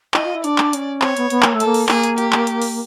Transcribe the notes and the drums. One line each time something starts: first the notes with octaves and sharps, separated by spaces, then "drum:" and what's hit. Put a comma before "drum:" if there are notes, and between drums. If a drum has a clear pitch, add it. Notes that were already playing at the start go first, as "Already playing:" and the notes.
E4 D#5, drum: clap
F4
E4
D4 D5, drum: hi-hat
drum: clap
C#4, drum: hi-hat
C4 C#5, drum: clap
B3, drum: hi-hat
B3, drum: hi-hat
A#3, drum: clap
A3
A4, drum: hi-hat
A#3
drum: open hi-hat
A#3 G#4, drum: clap
drum: hi-hat
G4, drum: hi-hat
drum: clap
drum: hi-hat
drum: open hi-hat